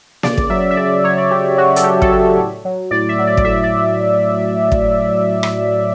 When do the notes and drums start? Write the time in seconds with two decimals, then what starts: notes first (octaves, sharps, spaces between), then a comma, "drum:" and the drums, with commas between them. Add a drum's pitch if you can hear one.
0.23 C#3 D5, drum: snare A#3
0.38 drum: kick
0.50 F#3 E5
0.71 E5
0.77 C#3 D5
1.04 F#3 C#5
1.18 D5
1.31 C#3 G4
1.57 F#3 F#4
1.76 A4, drum: hi-hat
1.84 C#3 G4
2.02 A4, drum: kick
2.11 F#3
2.37 A2
2.65 F#3
2.91 A2 D5
3.09 E5
3.18 F#3
3.27 D5
3.37 D5, drum: kick
3.45 A2 E5
3.63 D5
4.72 drum: kick
5.43 drum: rim click